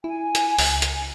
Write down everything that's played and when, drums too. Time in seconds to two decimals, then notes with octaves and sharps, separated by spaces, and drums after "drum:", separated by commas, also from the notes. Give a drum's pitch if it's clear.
0.04 E4 G#5
0.35 drum: hi-hat
0.59 C#2, drum: open hi-hat
0.82 drum: hi-hat